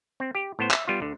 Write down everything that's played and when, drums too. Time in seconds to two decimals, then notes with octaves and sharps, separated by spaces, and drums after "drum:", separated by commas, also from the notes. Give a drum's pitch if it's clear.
0.20 C4
0.35 G4
0.59 A2 B3 C5
0.71 E5, drum: clap
0.88 G3 B3 F4
1.00 D2 D3